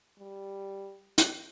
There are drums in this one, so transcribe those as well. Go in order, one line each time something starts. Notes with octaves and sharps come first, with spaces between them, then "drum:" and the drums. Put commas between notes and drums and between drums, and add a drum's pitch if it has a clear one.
G3
drum: hi-hat